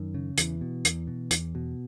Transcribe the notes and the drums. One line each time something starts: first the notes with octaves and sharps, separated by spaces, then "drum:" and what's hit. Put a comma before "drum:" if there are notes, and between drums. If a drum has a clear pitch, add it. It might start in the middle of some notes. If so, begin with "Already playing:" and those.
Already playing: F#2 D#3
C#3
E2 E3, drum: hi-hat
B2
E2, drum: hi-hat
B2
E2, drum: hi-hat
B2